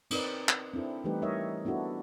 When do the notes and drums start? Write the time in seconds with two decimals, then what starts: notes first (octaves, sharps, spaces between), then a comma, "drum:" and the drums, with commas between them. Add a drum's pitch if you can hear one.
0.11 C4 D#4 A#4 B4 D5, drum: cymbal
0.49 drum: clap
0.73 C4 D4 E4 A4
1.04 E3 G3 A3 D#4 G4 B4
1.22 G3 D#4 A#4 C#5 D#5 E5
1.65 B3 D4 E4 F#4 A4